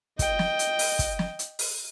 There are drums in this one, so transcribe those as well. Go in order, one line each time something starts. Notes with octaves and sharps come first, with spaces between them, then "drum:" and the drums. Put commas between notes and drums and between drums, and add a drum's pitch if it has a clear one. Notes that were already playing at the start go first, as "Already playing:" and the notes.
D#5 G5, drum: kick, hi-hat
drum: snare
drum: hi-hat
drum: open hi-hat
drum: kick, hi-hat
drum: snare
drum: hi-hat
drum: open hi-hat